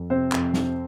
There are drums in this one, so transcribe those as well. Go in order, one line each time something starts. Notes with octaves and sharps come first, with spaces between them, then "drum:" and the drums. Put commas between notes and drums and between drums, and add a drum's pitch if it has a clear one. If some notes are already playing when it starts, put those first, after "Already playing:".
Already playing: F2
C3 C4 C5
F2, drum: clap
C3, drum: snare